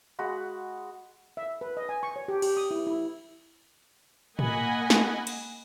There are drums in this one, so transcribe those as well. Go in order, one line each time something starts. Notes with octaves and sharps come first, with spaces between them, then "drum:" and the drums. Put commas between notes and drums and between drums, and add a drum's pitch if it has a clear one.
G#3 F#4 B5
E5
B4
D#5
G#5
C#6
C#5
G4
G4, drum: cymbal
D#6
E4
E4
A#3 D#5 F#5 G#5 B5, drum: tom A2
drum: snare
drum: cymbal